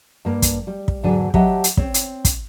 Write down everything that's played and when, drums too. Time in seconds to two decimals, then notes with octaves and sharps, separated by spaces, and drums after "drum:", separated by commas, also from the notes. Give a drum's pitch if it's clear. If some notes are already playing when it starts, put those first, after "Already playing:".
0.25 G2 A#3
0.42 drum: kick, hi-hat
0.67 G3
0.88 drum: kick
1.03 E2 G#2 D3 F#3 D4 G#5
1.34 F#3 G4 D#5 E5 F#5 A5, drum: kick
1.64 drum: hi-hat
1.77 C4 C#5, drum: kick
1.94 drum: hi-hat
2.25 drum: kick, hi-hat